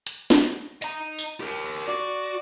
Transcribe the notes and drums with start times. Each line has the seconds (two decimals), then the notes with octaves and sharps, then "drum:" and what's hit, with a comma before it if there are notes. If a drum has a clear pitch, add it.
0.07 drum: hi-hat
0.30 drum: snare
0.82 D#5 A#5, drum: hi-hat
1.18 drum: tambourine
1.41 G4 A#4
1.88 F#4 D5